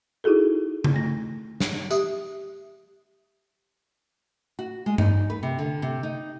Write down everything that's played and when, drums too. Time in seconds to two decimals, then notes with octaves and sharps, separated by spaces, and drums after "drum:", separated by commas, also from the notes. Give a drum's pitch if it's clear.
0.24 D#4 E4 F#4 G#4 A4
0.84 drum: tom C#3
0.94 A3 A#6
1.60 drum: snare
1.91 G4 E5 D#6, drum: tambourine
4.59 F#4
4.86 G#3
4.98 D#4, drum: tom G2
5.30 B4
5.43 C3
5.59 D3
5.82 C3
6.03 D#4